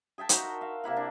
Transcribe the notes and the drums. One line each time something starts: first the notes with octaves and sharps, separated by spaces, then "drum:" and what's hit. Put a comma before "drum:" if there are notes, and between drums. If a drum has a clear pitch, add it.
G#4 E5 G5 A5
D#4 F#4 C5 E5, drum: hi-hat
A#4
E5 F5
C3 A#3 E4 F#5
D4